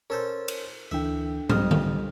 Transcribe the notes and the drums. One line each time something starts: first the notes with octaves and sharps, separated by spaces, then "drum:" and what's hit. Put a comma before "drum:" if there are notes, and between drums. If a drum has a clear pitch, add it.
C#4 A4 A#4 C5
drum: cymbal
D2 E3 D4 A4 E5 G5
C2 F2 G3 D#5 F6, drum: tom
drum: tom D3